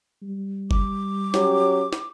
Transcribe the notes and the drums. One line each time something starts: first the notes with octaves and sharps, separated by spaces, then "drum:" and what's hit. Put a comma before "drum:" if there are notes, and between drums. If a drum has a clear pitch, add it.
G3
D6, drum: kick F#1
F#3 C#4 G4, drum: snare
drum: snare